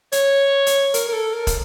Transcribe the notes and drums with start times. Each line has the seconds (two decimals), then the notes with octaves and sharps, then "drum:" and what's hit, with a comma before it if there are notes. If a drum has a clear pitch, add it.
0.12 C#5, drum: hi-hat
0.66 drum: hi-hat
0.94 A#4, drum: hi-hat
1.09 A#4
1.13 A4
1.33 A#4
1.47 drum: kick, hi-hat